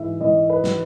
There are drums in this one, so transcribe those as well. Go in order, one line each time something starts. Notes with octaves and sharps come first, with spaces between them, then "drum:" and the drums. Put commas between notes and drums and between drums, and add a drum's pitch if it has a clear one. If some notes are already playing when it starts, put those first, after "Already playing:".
Already playing: G#2 E3 E5
E3 D#5
B4
drum: snare